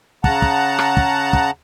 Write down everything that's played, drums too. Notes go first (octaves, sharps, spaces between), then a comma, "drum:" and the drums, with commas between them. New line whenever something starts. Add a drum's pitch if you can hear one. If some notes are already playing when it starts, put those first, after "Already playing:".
C#3 F#5 A5 A#5, drum: kick
drum: kick
drum: rim click
drum: kick
drum: kick